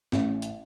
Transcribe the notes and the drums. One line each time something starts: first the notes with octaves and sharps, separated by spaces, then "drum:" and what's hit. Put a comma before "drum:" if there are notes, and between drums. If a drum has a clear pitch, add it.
A1, drum: snare
drum: hi-hat